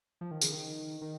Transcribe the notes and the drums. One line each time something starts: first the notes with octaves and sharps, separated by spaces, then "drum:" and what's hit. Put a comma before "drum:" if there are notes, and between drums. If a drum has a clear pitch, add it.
F3
D#3
C#3, drum: tambourine
D#3
D#3